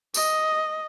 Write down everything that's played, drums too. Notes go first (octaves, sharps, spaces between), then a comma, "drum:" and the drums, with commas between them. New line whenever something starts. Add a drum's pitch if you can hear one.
D#5, drum: tambourine